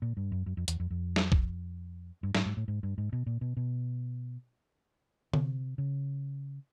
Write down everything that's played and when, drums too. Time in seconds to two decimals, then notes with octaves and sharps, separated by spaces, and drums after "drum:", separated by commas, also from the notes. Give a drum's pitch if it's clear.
0.02 A#2
0.17 G2
0.32 F#2
0.46 F#2
0.57 F2
0.68 E2, drum: hi-hat
0.80 F2
0.90 F2
1.16 drum: snare
1.32 drum: kick
2.23 G2
2.35 G#2, drum: snare
2.46 G#2
2.57 A2
2.68 G#2
2.83 G2
2.98 G#2
3.13 B2
3.26 A#2
3.41 B2
3.57 B2
5.34 C3, drum: tom D3
5.78 C#3